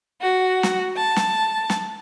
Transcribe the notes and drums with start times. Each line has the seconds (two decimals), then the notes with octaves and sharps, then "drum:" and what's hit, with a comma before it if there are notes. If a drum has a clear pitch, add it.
0.23 F#4
0.63 drum: snare
0.98 A5
1.16 drum: snare
1.70 drum: snare